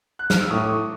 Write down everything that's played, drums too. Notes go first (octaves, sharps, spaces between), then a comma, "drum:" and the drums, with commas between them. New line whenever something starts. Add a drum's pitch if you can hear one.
F#6
F6, drum: snare
E6
A2 C#6 D#6
D6
C#6 D#6